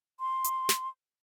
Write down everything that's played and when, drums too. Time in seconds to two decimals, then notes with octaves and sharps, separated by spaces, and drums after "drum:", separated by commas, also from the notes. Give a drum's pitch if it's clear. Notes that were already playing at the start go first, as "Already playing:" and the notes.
0.20 C6
0.44 drum: hi-hat
0.69 drum: snare